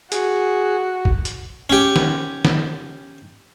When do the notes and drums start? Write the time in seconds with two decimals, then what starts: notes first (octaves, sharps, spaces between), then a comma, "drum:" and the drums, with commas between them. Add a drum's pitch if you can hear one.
0.12 F#4 G#4, drum: hi-hat
1.05 drum: kick
1.25 drum: hi-hat
1.70 C#4 G4
1.96 drum: snare
2.45 drum: snare